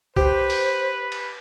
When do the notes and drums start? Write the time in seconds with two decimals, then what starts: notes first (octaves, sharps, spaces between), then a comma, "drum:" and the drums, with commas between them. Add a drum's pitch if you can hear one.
0.16 G4 B4 C5, drum: kick C2
0.50 drum: open hi-hat
1.12 drum: cymbal